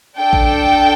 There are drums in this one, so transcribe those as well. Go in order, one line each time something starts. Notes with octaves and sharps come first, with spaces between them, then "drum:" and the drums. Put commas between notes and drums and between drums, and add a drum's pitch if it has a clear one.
D4 A4 G5
drum: kick A1